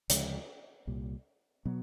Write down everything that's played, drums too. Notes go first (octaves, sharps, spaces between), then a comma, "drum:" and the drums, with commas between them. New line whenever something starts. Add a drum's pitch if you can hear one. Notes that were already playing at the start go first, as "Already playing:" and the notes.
D2 C#3 F3 G#3, drum: hi-hat
C2 A#2 G3
B2 F#3 B3